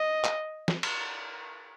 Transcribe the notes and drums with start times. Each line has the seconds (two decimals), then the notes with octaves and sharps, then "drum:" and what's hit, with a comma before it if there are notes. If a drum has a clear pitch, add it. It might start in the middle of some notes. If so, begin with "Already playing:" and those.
Already playing: D#5
0.24 drum: clap
0.68 drum: snare
0.83 drum: cymbal